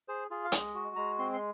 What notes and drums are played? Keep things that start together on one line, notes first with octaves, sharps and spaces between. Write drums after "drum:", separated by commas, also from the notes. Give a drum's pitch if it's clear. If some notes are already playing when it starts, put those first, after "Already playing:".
G#4 C5
F4 G#4
F5
G#3 D#5, drum: hi-hat
F#4
G#3 A#5
C4 C6
C6